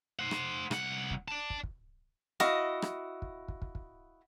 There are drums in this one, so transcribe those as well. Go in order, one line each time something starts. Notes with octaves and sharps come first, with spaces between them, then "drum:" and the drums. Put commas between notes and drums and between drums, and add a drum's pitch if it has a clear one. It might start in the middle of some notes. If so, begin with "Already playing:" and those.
C5 F#5
drum: rim click
C2 F#5, drum: rim click
drum: kick
D5 A5
drum: kick
drum: kick
E4 F#4 D#5 F5, drum: rim click
drum: rim click
drum: kick
drum: kick
drum: kick
drum: kick